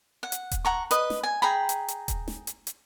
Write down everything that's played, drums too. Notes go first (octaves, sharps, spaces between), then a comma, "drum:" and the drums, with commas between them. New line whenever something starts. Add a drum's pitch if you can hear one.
F#5
drum: hi-hat
drum: kick D#1, hi-hat
F#5 A#5 C#6
B4 D#5, drum: hi-hat
drum: snare
G#5
G#4 G5 A#5 B5
drum: hi-hat
drum: hi-hat
drum: kick D#1, hi-hat
drum: snare
drum: hi-hat
drum: hi-hat